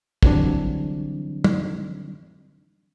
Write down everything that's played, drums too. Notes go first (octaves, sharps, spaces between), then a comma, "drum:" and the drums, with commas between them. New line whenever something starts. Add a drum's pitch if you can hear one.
D3 E3 F#3 G3 C4 D4, drum: kick
drum: tom